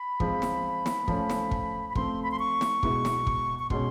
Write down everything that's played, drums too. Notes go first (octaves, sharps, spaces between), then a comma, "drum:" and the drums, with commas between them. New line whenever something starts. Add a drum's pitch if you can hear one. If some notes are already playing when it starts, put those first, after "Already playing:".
Already playing: B5
F3 G#3 C4, drum: kick
drum: snare
drum: snare
F3 A3 C#4, drum: kick
drum: snare
drum: kick
B5
F3 A3 C4 C6, drum: kick
B5
C6
C#6
drum: snare
B2 G#3 B3 E4, drum: kick
drum: snare
drum: kick
C#6
B2 G#3 C#4 C6, drum: kick